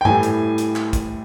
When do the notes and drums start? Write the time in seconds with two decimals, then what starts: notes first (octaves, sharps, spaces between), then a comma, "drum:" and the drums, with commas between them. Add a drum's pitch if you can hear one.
0.01 G5
0.05 A2 E3 G3 G#5, drum: tom G2
0.23 drum: hi-hat
0.58 drum: hi-hat
0.76 drum: clap
0.93 drum: kick, hi-hat